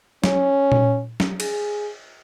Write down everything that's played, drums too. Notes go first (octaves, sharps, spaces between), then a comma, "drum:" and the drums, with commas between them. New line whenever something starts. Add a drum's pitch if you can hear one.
C#4, drum: snare
drum: tom A#2
drum: snare
G#4, drum: cymbal